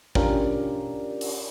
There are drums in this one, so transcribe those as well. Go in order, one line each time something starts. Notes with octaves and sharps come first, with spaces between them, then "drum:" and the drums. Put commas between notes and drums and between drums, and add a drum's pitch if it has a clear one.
C#4 D4 F4 G4 A#4 D5, drum: kick
drum: open hi-hat